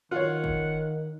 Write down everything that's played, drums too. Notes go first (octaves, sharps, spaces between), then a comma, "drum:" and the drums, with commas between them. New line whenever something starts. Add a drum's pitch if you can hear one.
D#3 F4 C#5 F#5
drum: kick